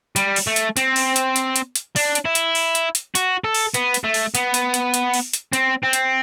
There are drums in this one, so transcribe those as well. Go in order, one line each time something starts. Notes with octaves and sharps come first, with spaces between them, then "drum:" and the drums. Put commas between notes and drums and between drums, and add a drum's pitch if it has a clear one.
G3, drum: hi-hat
drum: open hi-hat
A3
drum: hi-hat
C4, drum: hi-hat
drum: open hi-hat
drum: hi-hat
drum: hi-hat
drum: hi-hat
drum: hi-hat
D4, drum: open hi-hat
drum: hi-hat
E4
drum: hi-hat
drum: open hi-hat
drum: hi-hat
drum: hi-hat
F#4, drum: hi-hat
A4
drum: open hi-hat
B3, drum: hi-hat
drum: hi-hat
A3
drum: open hi-hat
B3, drum: hi-hat
drum: hi-hat
drum: hi-hat
drum: hi-hat
drum: open hi-hat
drum: hi-hat
C4, drum: hi-hat
C4
drum: hi-hat